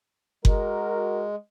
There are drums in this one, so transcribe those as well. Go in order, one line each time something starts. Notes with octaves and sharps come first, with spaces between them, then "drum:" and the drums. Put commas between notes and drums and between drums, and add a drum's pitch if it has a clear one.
G#3 F#4 A#4, drum: kick F#1